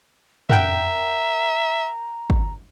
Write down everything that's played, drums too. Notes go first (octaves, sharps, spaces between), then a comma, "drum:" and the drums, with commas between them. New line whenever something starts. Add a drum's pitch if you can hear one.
A#4 E5 F#5 G5 A#5, drum: tom
drum: kick